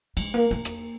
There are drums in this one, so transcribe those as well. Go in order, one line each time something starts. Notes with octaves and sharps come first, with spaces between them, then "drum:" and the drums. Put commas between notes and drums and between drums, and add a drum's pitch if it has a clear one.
G#3, drum: cymbal
A#3
A#3
drum: rim click